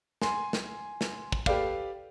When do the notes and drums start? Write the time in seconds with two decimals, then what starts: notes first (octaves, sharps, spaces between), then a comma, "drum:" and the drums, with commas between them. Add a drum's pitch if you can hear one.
0.21 G#5 C6, drum: snare
0.53 drum: snare
1.01 drum: snare
1.32 drum: kick
1.46 G4 A4 B4 D5 F5, drum: kick